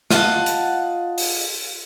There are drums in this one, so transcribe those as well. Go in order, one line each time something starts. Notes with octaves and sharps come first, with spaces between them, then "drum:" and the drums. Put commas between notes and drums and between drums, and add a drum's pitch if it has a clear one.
F4 D#5 F#5 A5, drum: snare
drum: hi-hat
drum: open hi-hat